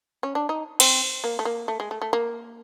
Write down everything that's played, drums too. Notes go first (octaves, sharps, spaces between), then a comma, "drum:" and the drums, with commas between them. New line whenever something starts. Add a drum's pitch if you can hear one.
C#4
D4
D#4
C4, drum: cymbal
A#3
A3
A#3
A3
G#3
A3
A3
A#3